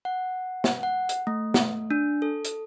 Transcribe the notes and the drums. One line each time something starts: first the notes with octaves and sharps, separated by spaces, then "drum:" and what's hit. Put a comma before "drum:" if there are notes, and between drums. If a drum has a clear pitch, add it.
F#5
drum: snare
F#5
drum: hi-hat
A3
drum: snare
D4
A4
drum: hi-hat